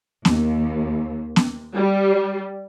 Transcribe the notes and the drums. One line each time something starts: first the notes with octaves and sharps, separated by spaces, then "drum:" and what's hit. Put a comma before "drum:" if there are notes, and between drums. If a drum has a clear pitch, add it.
D#2, drum: snare
drum: snare
G3